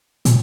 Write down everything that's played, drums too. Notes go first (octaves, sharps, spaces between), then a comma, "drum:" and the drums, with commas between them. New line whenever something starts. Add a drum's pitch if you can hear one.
A#2, drum: hi-hat